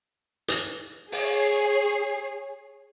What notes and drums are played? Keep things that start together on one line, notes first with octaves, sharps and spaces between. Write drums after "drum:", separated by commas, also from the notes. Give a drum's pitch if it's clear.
drum: hi-hat
G#4 C#5 C7, drum: open hi-hat